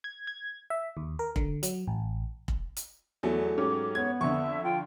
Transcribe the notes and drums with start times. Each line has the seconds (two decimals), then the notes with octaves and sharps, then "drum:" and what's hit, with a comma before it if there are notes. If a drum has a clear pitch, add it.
0.04 G#6
0.27 G#6
0.70 E5
0.97 D#2
1.19 A#4
1.36 D3, drum: kick
1.63 F#3, drum: hi-hat
1.87 A1
2.48 drum: kick
2.77 drum: hi-hat
3.23 E2 F#3 A3
3.57 G#2 C#4 G4 D6
3.95 B3 C#5 G#6
4.21 F2 D3 E5 C#6
4.64 F4 G5